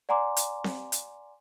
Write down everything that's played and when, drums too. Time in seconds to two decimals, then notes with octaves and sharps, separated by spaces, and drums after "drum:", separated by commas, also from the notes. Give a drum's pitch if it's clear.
0.09 D5 F#5 G#5 A#5 C6 D6
0.37 drum: hi-hat
0.64 drum: snare C4
0.92 drum: hi-hat